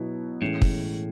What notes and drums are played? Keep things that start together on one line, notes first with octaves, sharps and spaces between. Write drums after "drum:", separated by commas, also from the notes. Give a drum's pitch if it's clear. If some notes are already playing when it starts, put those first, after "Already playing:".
Already playing: B2 F#3 B3 E4
A2 E3 G#3 C#4
drum: kick